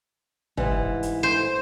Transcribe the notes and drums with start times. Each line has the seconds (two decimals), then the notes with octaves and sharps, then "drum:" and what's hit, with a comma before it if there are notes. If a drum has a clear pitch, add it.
0.57 G#2 E3 G3, drum: tom
1.03 drum: hi-hat
1.23 C5